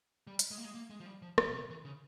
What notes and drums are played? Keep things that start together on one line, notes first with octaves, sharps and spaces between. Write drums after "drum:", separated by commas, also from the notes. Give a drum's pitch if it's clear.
G3
drum: hi-hat
G#3
A#3
G#3
A#3
G#3
F3
G3
F3
E3, drum: rim click
A#2
C3
E3
C#3